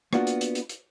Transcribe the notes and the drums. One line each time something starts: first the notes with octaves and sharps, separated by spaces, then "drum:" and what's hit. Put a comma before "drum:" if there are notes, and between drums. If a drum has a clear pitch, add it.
A#3 B3 D4 F4 F#4, drum: rim click
drum: hi-hat
drum: hi-hat
drum: hi-hat
drum: hi-hat